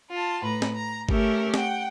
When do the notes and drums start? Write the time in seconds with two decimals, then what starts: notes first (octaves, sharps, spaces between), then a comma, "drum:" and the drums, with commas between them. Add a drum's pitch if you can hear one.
0.10 F4 A5
0.42 A2 B4 A#5
0.62 drum: snare
0.73 A#5
1.09 A3 C#4 G4 A#4 E5, drum: kick G1
1.54 F#5 G5, drum: snare